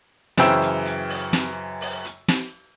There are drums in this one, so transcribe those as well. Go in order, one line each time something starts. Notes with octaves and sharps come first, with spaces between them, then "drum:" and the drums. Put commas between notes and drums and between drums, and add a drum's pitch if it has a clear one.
F#2 C#3 E3 C5 G5 E6, drum: snare
drum: hi-hat
drum: hi-hat
drum: open hi-hat
drum: snare
drum: open hi-hat
drum: hi-hat
drum: snare